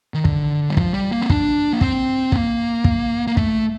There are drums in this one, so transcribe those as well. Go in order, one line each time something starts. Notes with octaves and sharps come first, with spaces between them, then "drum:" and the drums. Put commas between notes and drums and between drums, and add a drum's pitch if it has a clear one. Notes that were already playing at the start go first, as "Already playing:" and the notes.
D#3
D3, drum: kick
G3
F3, drum: kick
G3
A#3
C4
D4, drum: kick
A#3
C4, drum: kick
A#3, drum: kick
drum: kick
A#3
A3, drum: kick